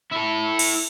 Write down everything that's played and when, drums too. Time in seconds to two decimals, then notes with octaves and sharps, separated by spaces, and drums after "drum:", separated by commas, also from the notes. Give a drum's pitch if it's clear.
0.12 E4 A4
0.59 drum: cymbal